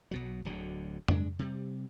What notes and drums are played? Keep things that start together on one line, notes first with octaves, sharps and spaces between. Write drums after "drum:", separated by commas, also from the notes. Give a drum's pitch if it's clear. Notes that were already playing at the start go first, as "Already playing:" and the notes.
B1 B2 F#3
D1 D2 D3 F#3
G2 G#3 D4, drum: tom F2
C3 G3